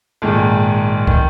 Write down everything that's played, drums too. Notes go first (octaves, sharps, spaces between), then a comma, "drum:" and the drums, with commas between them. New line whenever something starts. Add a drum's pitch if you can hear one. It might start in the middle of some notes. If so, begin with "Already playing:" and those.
A#1 G#2 D#3
D#3, drum: kick